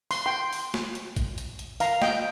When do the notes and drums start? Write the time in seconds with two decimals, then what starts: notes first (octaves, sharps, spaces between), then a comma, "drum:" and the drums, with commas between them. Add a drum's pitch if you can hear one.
0.11 C6, drum: open hi-hat
0.26 G5 C6
0.53 drum: open hi-hat
0.74 drum: snare
0.95 drum: hi-hat
1.16 drum: kick A1, hi-hat
1.38 drum: hi-hat
1.59 drum: hi-hat
1.80 F5 A#5, drum: open hi-hat
2.02 D#5 G5, drum: snare